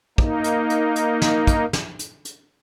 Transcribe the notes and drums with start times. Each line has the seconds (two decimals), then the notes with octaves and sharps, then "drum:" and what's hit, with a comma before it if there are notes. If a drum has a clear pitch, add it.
0.18 A#3 D#4, drum: kick
0.44 drum: hi-hat
0.70 drum: hi-hat
0.96 drum: hi-hat
1.22 drum: snare
1.47 drum: kick, hi-hat
1.73 drum: snare
1.99 drum: hi-hat
2.25 drum: hi-hat